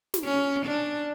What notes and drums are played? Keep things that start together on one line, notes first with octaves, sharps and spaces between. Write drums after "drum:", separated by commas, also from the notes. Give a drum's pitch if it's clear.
drum: snare
C#4
D4